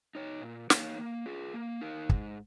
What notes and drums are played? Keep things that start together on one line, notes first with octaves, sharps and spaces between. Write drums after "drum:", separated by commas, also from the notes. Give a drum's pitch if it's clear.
D#4 C#5
A#2
A#3 D#4 C#5 F5, drum: snare
A#3
F4 G#4
A#3
D#4 A#4 F5
G#2, drum: kick